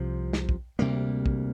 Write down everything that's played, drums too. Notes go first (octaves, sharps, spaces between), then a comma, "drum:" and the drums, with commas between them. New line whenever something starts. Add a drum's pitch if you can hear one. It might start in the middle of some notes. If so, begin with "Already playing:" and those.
Already playing: C2 C3 F3
drum: snare
drum: kick
D2 C3 G3 A#3
drum: kick